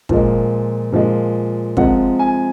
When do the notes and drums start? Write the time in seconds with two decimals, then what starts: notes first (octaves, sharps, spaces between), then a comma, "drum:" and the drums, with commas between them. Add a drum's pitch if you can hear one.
0.09 A#2 F3 G#3, drum: kick
0.92 A#2 F3 G#3
1.77 C3 F3 G#3 F#5, drum: kick
2.19 G#5